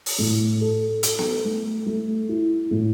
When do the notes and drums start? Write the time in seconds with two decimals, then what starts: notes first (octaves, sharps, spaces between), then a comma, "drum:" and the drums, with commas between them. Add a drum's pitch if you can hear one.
0.06 drum: open hi-hat
0.18 A2
0.61 A4
1.03 A4, drum: hi-hat
1.19 drum: snare B3
1.44 A3
1.86 A3
2.29 E4
2.71 A2